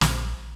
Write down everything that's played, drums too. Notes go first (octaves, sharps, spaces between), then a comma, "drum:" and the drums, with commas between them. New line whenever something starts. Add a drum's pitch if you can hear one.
A#1, drum: snare